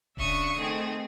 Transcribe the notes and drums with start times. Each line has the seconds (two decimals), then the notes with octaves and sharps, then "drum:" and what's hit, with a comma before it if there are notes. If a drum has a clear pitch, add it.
0.17 C#3 D4 E5 C#6 D#6, drum: kick D#1
0.57 D#3 A3 C4 G#4